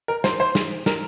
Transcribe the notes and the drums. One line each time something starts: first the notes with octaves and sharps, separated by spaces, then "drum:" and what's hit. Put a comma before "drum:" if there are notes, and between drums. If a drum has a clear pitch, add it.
A#4
C5, drum: snare
C5
drum: snare
A#4, drum: snare